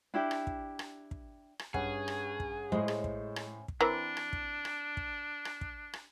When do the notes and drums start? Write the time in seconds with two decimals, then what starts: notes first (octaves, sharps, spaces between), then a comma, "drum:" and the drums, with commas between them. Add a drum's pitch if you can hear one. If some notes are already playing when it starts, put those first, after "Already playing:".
0.14 D4 E4 G4
0.31 drum: rim click
0.47 drum: kick
0.79 drum: rim click
1.11 drum: kick
1.59 drum: rim click
1.74 G2 C#4 G#4 F#5, drum: kick
2.08 drum: rim click
2.40 drum: kick
2.72 A2 G#3 C5
2.88 drum: rim click
3.04 drum: kick
3.36 drum: rim click
3.68 drum: kick
3.81 E3 C4 D4 A#4
4.17 drum: rim click
4.33 drum: kick
4.65 drum: rim click
4.97 drum: kick
5.45 drum: rim click
5.61 drum: kick
5.93 drum: rim click